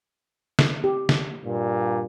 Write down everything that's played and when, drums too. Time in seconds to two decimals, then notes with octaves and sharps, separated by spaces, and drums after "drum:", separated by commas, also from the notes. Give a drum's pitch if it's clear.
0.59 drum: snare
0.84 G4
1.09 drum: snare
1.46 G2 A#2